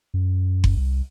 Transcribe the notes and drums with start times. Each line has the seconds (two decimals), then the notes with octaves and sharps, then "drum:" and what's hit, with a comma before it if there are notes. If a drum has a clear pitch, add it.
0.14 F#2
0.64 drum: kick F#1
0.77 C2